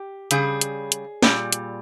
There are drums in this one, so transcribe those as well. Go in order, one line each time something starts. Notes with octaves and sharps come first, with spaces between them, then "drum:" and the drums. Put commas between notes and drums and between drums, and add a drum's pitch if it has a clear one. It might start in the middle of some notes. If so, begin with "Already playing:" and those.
Already playing: G4
C#3 G3 G#4, drum: hi-hat
drum: hi-hat
drum: hi-hat
A#2 G3, drum: snare
drum: hi-hat